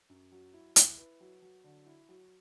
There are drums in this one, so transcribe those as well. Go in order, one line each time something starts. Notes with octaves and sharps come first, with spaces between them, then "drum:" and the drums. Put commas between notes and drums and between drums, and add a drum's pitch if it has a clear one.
F#2
F#3
E4
E4, drum: hi-hat
B4
F#3
F#3
D3
E4
F#3